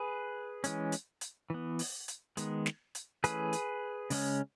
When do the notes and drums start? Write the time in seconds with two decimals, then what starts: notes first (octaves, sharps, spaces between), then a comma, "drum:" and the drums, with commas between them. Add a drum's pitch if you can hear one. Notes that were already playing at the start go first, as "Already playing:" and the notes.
Already playing: G#4 B4
0.64 E3 G#3 C#4, drum: hi-hat
0.92 drum: hi-hat
1.21 drum: hi-hat
1.50 E3 B3
1.79 drum: open hi-hat
2.08 drum: hi-hat
2.37 D#3 G#3 B3, drum: hi-hat
2.66 drum: snare
2.95 drum: hi-hat
3.24 E3 A3 C#4 G#4 B4, drum: hi-hat
3.53 drum: hi-hat
4.10 C#3 G#3 C#4, drum: open hi-hat